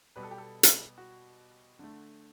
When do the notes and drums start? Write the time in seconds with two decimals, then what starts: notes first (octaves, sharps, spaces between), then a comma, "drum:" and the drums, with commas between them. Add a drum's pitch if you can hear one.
0.16 B2 G3 B3 B4
0.23 A4
0.31 G4
0.38 A4
0.63 drum: hi-hat
0.98 F#4
1.79 D3 A3